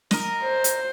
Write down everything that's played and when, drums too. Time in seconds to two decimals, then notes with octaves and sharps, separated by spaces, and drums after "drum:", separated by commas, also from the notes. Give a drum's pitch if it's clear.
0.11 A#4 D#5, drum: snare
0.42 C5
0.64 drum: hi-hat